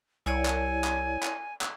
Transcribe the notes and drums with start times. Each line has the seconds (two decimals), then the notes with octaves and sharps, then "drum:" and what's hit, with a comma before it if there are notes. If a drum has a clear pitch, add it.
0.26 C2 E4 C#5 D5 G#5
0.46 drum: clap
0.84 drum: clap
1.23 drum: clap
1.61 drum: clap